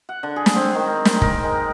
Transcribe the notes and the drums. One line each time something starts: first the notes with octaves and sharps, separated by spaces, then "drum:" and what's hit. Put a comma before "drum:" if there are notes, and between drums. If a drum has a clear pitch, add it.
F#5
D3
G#4
drum: snare
C4
D#3
A#4
D#4, drum: snare
A#4, drum: kick
G#3